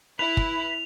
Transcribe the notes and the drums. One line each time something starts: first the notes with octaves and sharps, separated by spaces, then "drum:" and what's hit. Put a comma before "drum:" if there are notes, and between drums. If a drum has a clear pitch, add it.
E4 B4 B5 F7
drum: kick